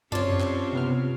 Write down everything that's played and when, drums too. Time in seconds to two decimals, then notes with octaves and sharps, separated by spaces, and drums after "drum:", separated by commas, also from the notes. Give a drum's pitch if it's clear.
0.12 C4 C#4 F4 G4 C#5 D5 A5, drum: tom F#2
0.40 drum: clap
0.73 C3 B3 F6